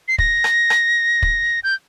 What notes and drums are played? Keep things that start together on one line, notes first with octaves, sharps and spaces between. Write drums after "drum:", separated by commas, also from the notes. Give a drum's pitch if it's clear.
C7
A#6, drum: kick
drum: rim click
drum: rim click
drum: kick
G6